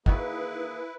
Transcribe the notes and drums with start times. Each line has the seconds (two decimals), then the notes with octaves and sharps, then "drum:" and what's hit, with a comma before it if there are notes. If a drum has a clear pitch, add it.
0.06 D#3 E3 A#3 D#4 E4 F#4 G#4 B4, drum: kick